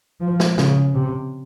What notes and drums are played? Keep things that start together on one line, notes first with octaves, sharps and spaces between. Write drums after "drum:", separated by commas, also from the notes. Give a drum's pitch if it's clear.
F3
drum: snare
C#3, drum: snare
C3